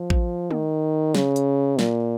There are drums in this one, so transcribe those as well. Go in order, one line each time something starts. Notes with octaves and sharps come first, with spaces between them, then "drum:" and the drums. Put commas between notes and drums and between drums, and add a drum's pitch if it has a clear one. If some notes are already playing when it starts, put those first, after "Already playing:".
Already playing: F3
drum: kick A1
D#3, drum: tom
C#3, drum: snare
drum: hi-hat
A#2, drum: snare